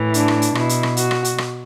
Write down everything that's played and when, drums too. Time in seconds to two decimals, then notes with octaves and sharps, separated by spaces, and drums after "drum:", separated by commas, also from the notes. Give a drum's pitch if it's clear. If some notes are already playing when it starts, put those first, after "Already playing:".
Already playing: A2 E3
0.14 D4, drum: hi-hat
0.28 drum: rim click
0.42 drum: hi-hat
0.55 B2 E4, drum: rim click
0.69 drum: hi-hat
0.83 drum: rim click
0.97 F#4, drum: hi-hat
1.11 drum: rim click
1.25 drum: hi-hat
1.38 drum: rim click